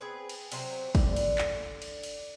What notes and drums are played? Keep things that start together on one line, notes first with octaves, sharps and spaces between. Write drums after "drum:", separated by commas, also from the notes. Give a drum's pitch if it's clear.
B3 C4 G#4 B4
drum: cymbal
C3 F#3 C5, drum: cymbal
D3, drum: kick, cymbal
drum: cymbal
drum: clap
drum: cymbal
drum: cymbal